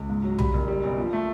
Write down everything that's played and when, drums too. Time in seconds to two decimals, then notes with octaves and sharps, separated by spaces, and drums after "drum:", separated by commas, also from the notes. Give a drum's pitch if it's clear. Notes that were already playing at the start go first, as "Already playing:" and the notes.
Already playing: C#2
0.09 G#2
0.24 F#3
0.38 G3 B5, drum: tom B1
0.53 F#1
0.68 G3
0.84 B1
0.98 F3
1.13 A3